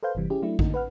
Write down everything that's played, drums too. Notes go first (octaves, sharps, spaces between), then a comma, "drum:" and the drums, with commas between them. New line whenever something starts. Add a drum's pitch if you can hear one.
A4 B4 C5 F5 G6
G1 C3 E3 G3
C#4 E4 G4 G#4
F#3 A3 D4 E4
D3 A3 A#3 D#4, drum: kick A1
B4 F#5 F6